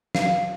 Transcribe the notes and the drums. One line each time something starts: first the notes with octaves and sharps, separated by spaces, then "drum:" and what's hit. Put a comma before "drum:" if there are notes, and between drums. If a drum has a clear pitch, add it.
F5, drum: snare